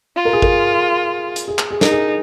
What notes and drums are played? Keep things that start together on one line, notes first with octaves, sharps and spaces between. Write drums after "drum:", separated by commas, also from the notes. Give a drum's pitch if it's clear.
F4
A#4
G#4
A#4, drum: kick G#1
drum: hi-hat
G#4
drum: clap
G#4
D#4 A#4, drum: snare
G#4